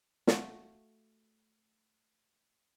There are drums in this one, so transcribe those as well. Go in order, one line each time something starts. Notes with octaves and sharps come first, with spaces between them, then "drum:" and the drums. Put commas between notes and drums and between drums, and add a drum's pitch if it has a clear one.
A3 F4 F#4, drum: snare